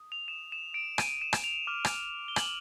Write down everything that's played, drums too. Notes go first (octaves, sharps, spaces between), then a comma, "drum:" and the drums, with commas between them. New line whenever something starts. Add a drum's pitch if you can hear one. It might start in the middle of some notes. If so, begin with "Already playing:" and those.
Already playing: D#6
F7
E7
E7
D7
D#7, drum: rim click
E7
drum: rim click
F7
D6 F6
drum: rim click
G7
F#7, drum: rim click